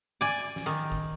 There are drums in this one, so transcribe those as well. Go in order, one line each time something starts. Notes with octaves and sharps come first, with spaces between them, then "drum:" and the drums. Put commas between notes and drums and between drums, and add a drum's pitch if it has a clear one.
D5 G#5
drum: snare
D#3
drum: kick